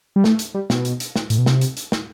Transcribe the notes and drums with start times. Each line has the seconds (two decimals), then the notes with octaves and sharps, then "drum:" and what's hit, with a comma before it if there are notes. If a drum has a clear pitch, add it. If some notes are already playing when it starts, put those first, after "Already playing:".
0.16 G3
0.24 A3, drum: snare
0.39 drum: hi-hat
0.55 G3
0.70 B2, drum: snare
0.85 drum: hi-hat
1.00 drum: hi-hat
1.16 drum: snare
1.30 A2, drum: hi-hat
1.38 B2
1.46 C3, drum: snare
1.61 drum: hi-hat
1.77 drum: hi-hat
1.92 drum: snare